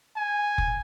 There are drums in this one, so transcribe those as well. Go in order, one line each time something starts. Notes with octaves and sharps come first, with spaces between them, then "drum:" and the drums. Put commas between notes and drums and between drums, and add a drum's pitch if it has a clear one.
G#5
drum: kick F1